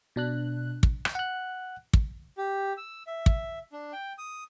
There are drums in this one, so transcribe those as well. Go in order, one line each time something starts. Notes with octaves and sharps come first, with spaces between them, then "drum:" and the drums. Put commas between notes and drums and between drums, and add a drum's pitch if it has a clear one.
B2 D4 F#6
drum: kick
drum: rim click
F#5 F#6
drum: kick
G4
E6
E5
drum: kick
D4
G5
D#6